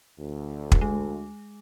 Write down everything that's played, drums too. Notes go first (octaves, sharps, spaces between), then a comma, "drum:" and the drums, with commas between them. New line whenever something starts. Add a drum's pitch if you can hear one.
D2
drum: kick
G#3